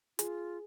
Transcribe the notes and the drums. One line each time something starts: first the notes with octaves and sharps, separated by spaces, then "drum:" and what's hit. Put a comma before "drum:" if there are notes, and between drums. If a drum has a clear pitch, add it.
F4 G#4, drum: hi-hat